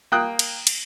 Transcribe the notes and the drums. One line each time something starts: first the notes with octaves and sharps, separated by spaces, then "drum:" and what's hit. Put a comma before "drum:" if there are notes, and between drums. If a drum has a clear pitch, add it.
A#3 G5 D#6 F#6
drum: cymbal
drum: cymbal